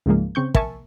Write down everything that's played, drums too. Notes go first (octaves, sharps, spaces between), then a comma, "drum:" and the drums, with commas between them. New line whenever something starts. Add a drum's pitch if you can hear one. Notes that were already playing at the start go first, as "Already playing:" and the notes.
C#2 G#2 C#3 F3 G#3 A#3
C#3 C4 C#6 G6
A#4 E5 G#5 A5 C#6, drum: kick